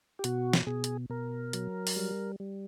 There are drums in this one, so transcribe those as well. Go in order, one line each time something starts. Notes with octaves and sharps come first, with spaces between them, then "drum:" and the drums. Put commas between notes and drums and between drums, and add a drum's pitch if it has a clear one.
G4
B2 F#4, drum: hi-hat
drum: snare
B2 G#4
drum: hi-hat
B2 A#4
F#3, drum: hi-hat
drum: open hi-hat
G3
G3